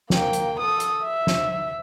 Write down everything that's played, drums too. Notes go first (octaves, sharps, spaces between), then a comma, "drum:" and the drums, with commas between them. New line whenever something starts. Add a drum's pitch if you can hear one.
A#3 G5, drum: snare
drum: hi-hat
A4 D#6
drum: hi-hat
E5
drum: snare